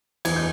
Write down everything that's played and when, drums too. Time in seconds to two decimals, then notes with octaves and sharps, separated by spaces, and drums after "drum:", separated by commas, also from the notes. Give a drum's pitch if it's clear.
0.25 E2 G#6, drum: cymbal
0.36 G6